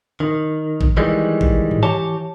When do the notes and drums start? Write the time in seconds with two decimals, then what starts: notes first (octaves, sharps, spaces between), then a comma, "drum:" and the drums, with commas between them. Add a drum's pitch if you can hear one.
0.20 D#3
0.81 drum: kick
0.97 D#3 E3 G3 G#3
1.41 drum: kick
1.71 drum: tom G#2
1.83 E3 G4 C#5 A5